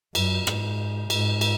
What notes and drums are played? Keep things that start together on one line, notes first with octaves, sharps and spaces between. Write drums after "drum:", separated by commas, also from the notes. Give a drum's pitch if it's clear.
F#2, drum: cymbal
G#2, drum: rim click
G#2, drum: cymbal
drum: cymbal